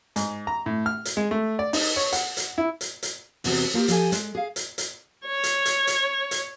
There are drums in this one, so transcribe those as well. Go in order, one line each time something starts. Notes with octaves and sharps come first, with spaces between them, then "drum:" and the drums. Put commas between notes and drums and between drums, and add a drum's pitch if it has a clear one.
G#2, drum: hi-hat
A#5
A2
F6
drum: hi-hat
G#3
A3
D5
D#4, drum: open hi-hat
C#5
F#5, drum: hi-hat
drum: hi-hat
E4
drum: hi-hat
drum: hi-hat
E2 C3 B3 C4 F#4, drum: open hi-hat
A#3 F4 G4
F3 G4 A4 G#5, drum: hi-hat
G#3, drum: hi-hat
G#4 F5
drum: hi-hat
drum: hi-hat
C#5
drum: hi-hat
drum: hi-hat
drum: hi-hat
drum: hi-hat